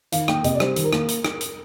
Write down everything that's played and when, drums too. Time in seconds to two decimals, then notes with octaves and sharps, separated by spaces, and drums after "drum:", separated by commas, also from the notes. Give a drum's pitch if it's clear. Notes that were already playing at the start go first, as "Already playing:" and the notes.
0.12 D#3 F5, drum: hi-hat
0.28 A#3 G5, drum: rim click
0.44 C3 D#5, drum: hi-hat
0.55 D5
0.60 G3 C5, drum: rim click
0.76 D#3, drum: hi-hat
0.84 A#4
0.93 A#3, drum: rim click
1.08 drum: hi-hat
1.25 drum: rim click
1.41 drum: hi-hat